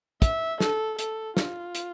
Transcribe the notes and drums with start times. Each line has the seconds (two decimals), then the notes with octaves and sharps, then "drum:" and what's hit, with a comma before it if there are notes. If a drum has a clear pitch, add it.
0.22 E5, drum: kick, hi-hat
0.60 A4, drum: snare
0.99 A4, drum: hi-hat
1.37 F4, drum: snare
1.75 drum: hi-hat